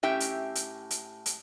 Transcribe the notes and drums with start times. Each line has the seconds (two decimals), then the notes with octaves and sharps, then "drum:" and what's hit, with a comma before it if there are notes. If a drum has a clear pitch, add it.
0.03 A2 C#4 G4 E5 G5
0.20 drum: hi-hat
0.55 drum: hi-hat
0.91 drum: hi-hat
1.26 drum: hi-hat